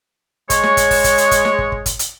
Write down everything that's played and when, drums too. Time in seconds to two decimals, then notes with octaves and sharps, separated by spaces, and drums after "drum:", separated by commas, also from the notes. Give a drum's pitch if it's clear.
0.50 G#3 C#5, drum: kick, hi-hat
0.63 drum: snare
0.77 drum: kick, hi-hat
0.91 drum: kick, open hi-hat
1.04 drum: kick, hi-hat
1.18 drum: hi-hat
1.31 drum: kick, hi-hat
1.45 drum: snare
1.59 drum: kick
1.72 drum: kick
1.86 drum: kick, hi-hat
1.99 drum: hi-hat